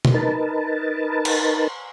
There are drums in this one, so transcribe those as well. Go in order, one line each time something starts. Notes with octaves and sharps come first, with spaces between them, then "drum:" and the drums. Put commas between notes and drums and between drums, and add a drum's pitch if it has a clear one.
drum: tom B2
D#4 A#4 B4 A5
drum: cymbal